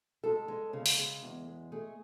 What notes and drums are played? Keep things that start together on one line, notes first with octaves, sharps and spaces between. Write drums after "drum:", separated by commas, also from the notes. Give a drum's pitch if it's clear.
G#3 A4
G#3
C#3
drum: open hi-hat
G#3
E2
G#3
A3 G#4